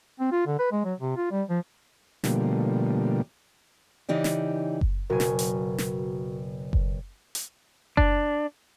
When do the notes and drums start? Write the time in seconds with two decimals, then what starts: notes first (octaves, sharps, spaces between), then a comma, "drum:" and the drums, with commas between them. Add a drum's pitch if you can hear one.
0.20 C4
0.32 F4
0.47 D3
0.59 B4
0.72 G#3
0.85 F#3
0.99 C3
1.17 F4
1.31 G3
1.50 F3
2.24 B2 D3 F3 G3 A3 A#3, drum: snare
4.09 C#3 E3 D#4 G4 D5
4.24 drum: snare
4.81 drum: kick F#1
5.10 F#1 B2 F#4 A#4 G#5
5.20 drum: snare
5.39 drum: hi-hat
5.78 drum: snare
6.73 drum: kick F#1
7.35 drum: hi-hat
7.97 D4, drum: kick F#1